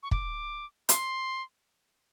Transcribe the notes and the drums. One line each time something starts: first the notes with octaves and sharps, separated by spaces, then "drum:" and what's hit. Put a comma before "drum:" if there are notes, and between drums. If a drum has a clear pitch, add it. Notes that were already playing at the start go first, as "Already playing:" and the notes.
C#6
D6, drum: kick
C6, drum: hi-hat